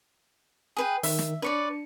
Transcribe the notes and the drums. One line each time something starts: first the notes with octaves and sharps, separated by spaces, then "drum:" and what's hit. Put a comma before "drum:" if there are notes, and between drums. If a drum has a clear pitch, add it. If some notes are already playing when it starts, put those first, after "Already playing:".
G#4 B4 G5
D#3 E5, drum: open hi-hat
drum: snare
D4 B4 C#5 D5 C#7